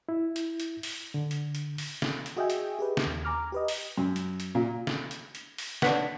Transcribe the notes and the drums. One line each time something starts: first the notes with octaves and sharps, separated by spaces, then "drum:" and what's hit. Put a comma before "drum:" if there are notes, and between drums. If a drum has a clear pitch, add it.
E4
drum: hi-hat
drum: hi-hat
drum: open hi-hat
D3
drum: hi-hat
drum: hi-hat
drum: open hi-hat
drum: snare
drum: hi-hat
F#4 G#4 D#5 E5 G5 G#5
drum: hi-hat
G4 G#4 B4
drum: snare
D#2
G#5 A#5 D6 F6
G4 B4 D#5
drum: open hi-hat
F#2
drum: hi-hat
drum: hi-hat
A#2
drum: snare
drum: hi-hat
drum: hi-hat
drum: open hi-hat
D4 B4 C#5 F#5 B6, drum: snare